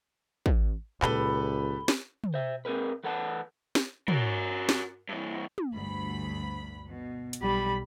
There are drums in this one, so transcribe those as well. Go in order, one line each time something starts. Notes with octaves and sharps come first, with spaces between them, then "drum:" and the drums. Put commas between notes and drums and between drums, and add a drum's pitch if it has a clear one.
drum: kick
C#2 A#2 G4 A4 B4 B5 G7, drum: clap
drum: snare
drum: tom
C5 E5
C4 G#4 A#4 B4
E3 A4 B4 F#5 A5
drum: snare
F#4 A#4, drum: tom
drum: snare
G2 E3
drum: tom
G1 D2 B5
B2
drum: hi-hat
B1 G3 B5